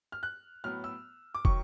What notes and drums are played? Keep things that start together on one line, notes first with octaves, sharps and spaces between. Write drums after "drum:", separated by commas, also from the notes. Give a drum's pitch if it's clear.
F6
F#6
A2 F#3 B3 F6
E6
D6
D#3 F#3 C#6, drum: kick